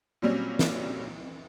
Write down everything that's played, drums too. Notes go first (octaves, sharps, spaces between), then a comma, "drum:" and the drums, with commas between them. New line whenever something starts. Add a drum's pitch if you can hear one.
A#2 F#3 G3 C4 C#4
drum: snare